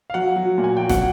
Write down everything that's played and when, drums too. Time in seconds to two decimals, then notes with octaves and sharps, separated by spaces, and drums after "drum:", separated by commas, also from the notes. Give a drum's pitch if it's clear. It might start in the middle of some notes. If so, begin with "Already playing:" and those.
0.10 F5
0.14 F#3 F#5
0.36 F#3
0.58 A#2
0.64 G#5
0.77 F#3 G5
0.89 F#5, drum: snare